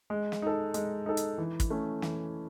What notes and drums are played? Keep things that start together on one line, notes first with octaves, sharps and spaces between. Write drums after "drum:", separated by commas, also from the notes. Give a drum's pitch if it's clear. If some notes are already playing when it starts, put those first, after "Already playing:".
G#3
drum: snare
D#4 A4
G#3, drum: hi-hat
D#4 A4
drum: hi-hat
E3
drum: kick, hi-hat
A3 C#4
E3, drum: snare